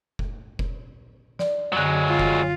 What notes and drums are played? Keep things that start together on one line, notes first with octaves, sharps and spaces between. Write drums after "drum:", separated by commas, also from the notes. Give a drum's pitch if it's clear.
drum: kick F1
drum: kick F1
D5, drum: snare
F#2 D3 F#3 G#3
F4
drum: kick F1